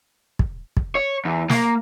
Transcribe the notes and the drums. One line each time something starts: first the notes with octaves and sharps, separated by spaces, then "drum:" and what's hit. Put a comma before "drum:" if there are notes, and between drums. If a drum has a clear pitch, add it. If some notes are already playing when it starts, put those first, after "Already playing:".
drum: kick
drum: kick
C#5
E2
A#3, drum: snare